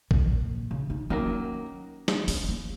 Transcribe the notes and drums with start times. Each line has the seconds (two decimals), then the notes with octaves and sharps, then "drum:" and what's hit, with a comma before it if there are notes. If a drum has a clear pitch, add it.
0.11 A#2, drum: kick
0.71 C#3
0.90 D#4
1.10 D#3 F#3 A#3 C#4
2.08 drum: snare
2.28 C#4, drum: open hi-hat
2.49 A#3